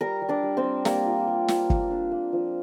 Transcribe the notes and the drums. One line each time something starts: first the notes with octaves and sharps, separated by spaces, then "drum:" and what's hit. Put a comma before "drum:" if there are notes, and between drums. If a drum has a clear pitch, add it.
G3 A#4 A#5
G3
D4 D5
G3
C4 C5
G3
G3 A#3 A#4, drum: snare
F4
G3
F4, drum: snare
A#3, drum: kick
D4
A#3
F3